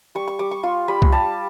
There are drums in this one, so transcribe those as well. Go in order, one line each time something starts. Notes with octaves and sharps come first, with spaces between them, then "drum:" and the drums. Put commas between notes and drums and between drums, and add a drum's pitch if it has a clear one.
G3 C#6
C#6
G3 D6
C#6
F4 C6
G3 B5
drum: kick C2
G3 A5